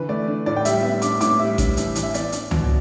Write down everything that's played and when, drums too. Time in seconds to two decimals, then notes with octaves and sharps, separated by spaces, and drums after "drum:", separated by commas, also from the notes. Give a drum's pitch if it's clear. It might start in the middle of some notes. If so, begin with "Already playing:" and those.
Already playing: D3 E3 B4
0.09 A3 D5
0.27 D4
0.46 A2 D5
0.56 G5
0.65 G3 E5, drum: hi-hat
0.83 B3 E5
1.02 D4 D6, drum: hi-hat
1.21 A2 D6, drum: hi-hat
1.39 G3 E5
1.58 D4, drum: kick A1, hi-hat
1.77 E3, drum: hi-hat
1.95 E3, drum: hi-hat
2.03 E5
2.14 B3 D5, drum: hi-hat
2.32 D4, drum: hi-hat
2.51 B2, drum: tom C#2